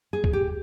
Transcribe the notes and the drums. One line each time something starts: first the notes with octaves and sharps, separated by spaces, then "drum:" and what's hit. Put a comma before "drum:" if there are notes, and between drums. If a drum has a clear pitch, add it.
G#4
drum: kick
G4